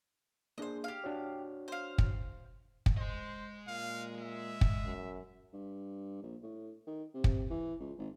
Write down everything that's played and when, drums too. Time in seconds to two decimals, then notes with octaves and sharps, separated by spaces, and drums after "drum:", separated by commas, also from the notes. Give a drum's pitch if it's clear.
0.58 A#3 D4 G#4 C5 D#5
0.84 G4 F5
1.04 D4 F#4 C#5
1.68 C5 F5
1.98 drum: kick
2.86 drum: kick
2.98 G#3 C5 D#5
3.67 A#2 F5
4.21 E5
4.61 drum: kick
4.85 F#2
5.53 G2
6.22 A#1
6.43 A2
6.87 D#3
7.14 C3
7.24 drum: kick
7.50 E3
7.80 C#2
7.98 G#1